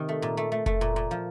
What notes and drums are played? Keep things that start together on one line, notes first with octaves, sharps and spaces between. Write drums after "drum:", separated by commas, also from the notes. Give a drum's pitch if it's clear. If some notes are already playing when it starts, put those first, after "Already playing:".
Already playing: C3 D#3
A3
A#2
A3
A3
A3, drum: kick F1
A#2
A#2
F3